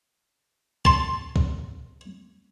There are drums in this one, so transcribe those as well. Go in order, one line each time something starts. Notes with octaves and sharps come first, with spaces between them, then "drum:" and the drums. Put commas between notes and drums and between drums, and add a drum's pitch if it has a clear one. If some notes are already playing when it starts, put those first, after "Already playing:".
A5 C6, drum: kick
drum: kick